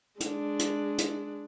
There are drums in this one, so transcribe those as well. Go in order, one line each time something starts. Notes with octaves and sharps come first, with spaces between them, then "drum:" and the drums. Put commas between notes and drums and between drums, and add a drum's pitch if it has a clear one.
G#3 D4, drum: hi-hat
drum: hi-hat
drum: hi-hat